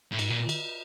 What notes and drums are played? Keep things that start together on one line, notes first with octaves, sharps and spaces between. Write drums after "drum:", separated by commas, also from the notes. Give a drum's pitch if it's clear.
A2
G#2, drum: cymbal
A#2
drum: cymbal